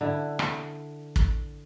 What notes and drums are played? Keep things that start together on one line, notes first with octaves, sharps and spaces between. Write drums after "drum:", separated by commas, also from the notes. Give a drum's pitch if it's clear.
D3 E4
drum: rim click
drum: kick